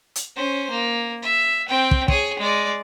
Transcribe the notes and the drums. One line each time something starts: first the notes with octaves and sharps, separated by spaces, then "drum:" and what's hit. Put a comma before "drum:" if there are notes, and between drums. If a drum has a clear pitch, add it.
drum: hi-hat
C#4 C5
A#3
E5
C4 G5
drum: kick
G#4 C#5, drum: kick
G#3 D5